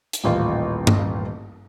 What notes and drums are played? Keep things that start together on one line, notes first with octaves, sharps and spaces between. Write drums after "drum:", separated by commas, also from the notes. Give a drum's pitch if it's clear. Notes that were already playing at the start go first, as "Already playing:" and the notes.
drum: hi-hat
D#1 A1 F4
drum: tom G2